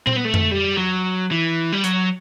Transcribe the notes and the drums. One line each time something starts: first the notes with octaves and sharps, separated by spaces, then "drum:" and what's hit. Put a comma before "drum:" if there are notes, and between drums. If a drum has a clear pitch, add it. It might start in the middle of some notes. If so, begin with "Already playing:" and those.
C4, drum: tom A#2
B3
A3
drum: tom F2
G3
F#3
E3
G3
F#3, drum: hi-hat